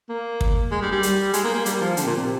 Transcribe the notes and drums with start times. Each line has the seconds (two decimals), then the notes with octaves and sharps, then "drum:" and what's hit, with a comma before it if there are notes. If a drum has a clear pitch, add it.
0.09 A#3
0.41 drum: kick
0.71 G#3
0.82 G3
0.92 G3
1.03 drum: hi-hat
1.33 G#3, drum: hi-hat
1.44 A#3
1.54 A#3
1.66 G3, drum: hi-hat
1.81 F3
1.97 D3, drum: hi-hat
2.02 C3
2.06 A#2
2.17 C3